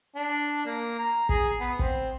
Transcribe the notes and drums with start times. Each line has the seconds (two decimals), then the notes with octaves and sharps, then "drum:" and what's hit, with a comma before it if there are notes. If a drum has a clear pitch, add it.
0.15 D4
0.66 A#3
0.99 A#5
1.29 G#4, drum: kick
1.60 B3
1.79 C4, drum: kick